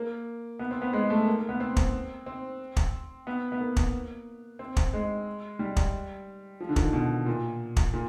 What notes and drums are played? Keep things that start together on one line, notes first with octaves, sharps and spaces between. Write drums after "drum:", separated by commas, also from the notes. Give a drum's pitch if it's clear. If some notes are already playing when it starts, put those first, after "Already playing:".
Already playing: A#3
B3
C4
B3
G#3
A3
A#3
A#3
B3
C4
drum: kick
C4
drum: kick
B3
B3
A#3
drum: kick
C4
drum: kick
G#3
G3
drum: kick
F3
D3
D#3, drum: kick
B2
A#2
drum: kick
A#2